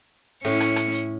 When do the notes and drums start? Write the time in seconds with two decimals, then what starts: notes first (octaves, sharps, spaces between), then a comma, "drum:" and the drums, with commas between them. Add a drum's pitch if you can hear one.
0.45 A2 C#4 E4 C#7, drum: open hi-hat
0.60 drum: rim click
0.76 drum: rim click
0.92 drum: hi-hat